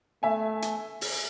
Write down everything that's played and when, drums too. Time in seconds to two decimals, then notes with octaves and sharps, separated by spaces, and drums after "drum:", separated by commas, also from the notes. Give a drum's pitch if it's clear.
0.23 A3 E5 G#5
0.62 drum: hi-hat
1.01 drum: open hi-hat